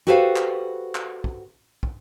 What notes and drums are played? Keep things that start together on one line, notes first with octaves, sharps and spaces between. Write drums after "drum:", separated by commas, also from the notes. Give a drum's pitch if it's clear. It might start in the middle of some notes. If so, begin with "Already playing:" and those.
F#4 G4 A4 B4 C5 F5
drum: clap
drum: clap
drum: kick
drum: kick